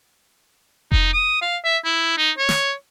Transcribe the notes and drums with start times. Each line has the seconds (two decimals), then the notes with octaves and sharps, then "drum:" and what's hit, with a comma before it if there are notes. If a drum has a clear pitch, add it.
0.92 D#4, drum: kick F1
1.13 D#6
1.42 F5
1.64 E5
1.85 E4
2.18 D#4
2.38 C#5
2.49 drum: snare